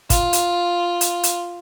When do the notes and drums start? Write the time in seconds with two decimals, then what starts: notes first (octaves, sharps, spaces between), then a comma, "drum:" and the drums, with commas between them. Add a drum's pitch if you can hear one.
0.10 F4, drum: kick, hi-hat
0.33 drum: hi-hat
1.01 drum: hi-hat
1.23 drum: hi-hat